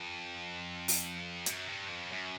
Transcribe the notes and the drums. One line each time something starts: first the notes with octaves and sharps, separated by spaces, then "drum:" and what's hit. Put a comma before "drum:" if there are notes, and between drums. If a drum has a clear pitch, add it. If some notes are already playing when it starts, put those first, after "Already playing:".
Already playing: F2
drum: open hi-hat
F#2, drum: hi-hat
G2
F2
F#2